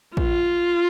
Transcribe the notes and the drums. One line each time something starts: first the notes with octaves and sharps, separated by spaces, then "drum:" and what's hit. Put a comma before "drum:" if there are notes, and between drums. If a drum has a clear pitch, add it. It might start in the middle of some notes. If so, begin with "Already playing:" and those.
F4, drum: kick